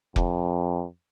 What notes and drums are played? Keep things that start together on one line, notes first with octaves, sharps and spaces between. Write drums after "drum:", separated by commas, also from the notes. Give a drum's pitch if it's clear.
F2, drum: kick F1